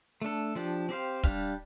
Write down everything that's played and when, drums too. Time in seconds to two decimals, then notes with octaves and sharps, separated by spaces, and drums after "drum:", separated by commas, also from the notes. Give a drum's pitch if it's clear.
0.22 A3 D4 A4
0.55 F3 D4 G4
0.89 C4 G4 C5 F5
1.24 G3 D4 G4 F5, drum: kick